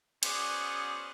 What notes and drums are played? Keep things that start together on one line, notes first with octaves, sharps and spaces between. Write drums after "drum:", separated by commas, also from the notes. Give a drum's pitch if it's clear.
B3 C#4 F#4 G#4 C5 D5, drum: cymbal